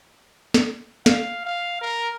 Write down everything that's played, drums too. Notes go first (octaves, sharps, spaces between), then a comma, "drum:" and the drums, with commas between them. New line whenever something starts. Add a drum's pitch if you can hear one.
drum: snare
F5, drum: snare
F5
A#4